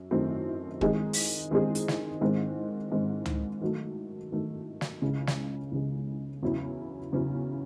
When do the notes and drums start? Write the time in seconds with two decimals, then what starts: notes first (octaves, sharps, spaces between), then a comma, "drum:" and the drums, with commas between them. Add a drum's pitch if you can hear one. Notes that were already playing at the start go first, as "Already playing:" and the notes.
Already playing: F#2
0.11 F#2 D#3 A3 C4
0.81 D#3 G#3 C4 D#4 G#4, drum: kick
1.13 drum: open hi-hat
1.51 D#3 G#3 C4 D#4 G#4
1.75 drum: hi-hat
1.88 drum: snare
2.21 G#2 D#3 G#3 C4
2.92 G#2 D#3 G#3 C4
3.26 drum: tom C#2
3.61 D#3 F#3 A3
4.32 D#3 F#3 A3
4.81 drum: snare
5.01 C#2 C#3 G#3
5.27 drum: snare
5.72 C#2 C#3 G#3
6.43 E2 C#3 F#3 C#4 E4
7.12 E2 C#3 F#3 C#4 E4